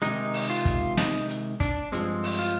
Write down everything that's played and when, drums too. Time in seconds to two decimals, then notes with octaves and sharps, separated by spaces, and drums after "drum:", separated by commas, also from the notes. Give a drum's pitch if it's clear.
0.02 C3 D#3 G#3 D#4, drum: hi-hat
0.34 drum: open hi-hat
0.50 F4
0.65 drum: kick, hi-hat
0.97 D#4, drum: snare
1.29 drum: hi-hat
1.60 D4, drum: kick, hi-hat
1.92 G2 F3 G#3 C4, drum: hi-hat
2.23 drum: open hi-hat
2.39 F4